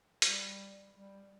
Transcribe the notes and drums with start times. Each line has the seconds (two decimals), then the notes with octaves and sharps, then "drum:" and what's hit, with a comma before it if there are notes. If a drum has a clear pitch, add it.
0.22 G3, drum: hi-hat
0.95 G3